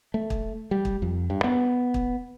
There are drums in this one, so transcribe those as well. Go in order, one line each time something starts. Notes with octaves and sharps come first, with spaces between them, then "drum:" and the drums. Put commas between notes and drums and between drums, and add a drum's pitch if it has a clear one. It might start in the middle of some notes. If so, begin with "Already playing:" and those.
A3
drum: kick
G3
drum: kick
F2
G2
B3
drum: kick